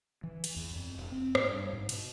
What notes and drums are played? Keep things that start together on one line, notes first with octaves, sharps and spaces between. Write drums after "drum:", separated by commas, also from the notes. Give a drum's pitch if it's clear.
E3
drum: cymbal
E2
F2
E1
C4
G#2, drum: rim click
G2
G#2
B2, drum: cymbal